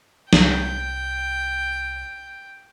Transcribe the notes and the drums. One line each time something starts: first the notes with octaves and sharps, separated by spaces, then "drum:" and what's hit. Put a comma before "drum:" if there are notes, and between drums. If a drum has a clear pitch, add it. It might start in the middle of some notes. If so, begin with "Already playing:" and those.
C2 G5, drum: snare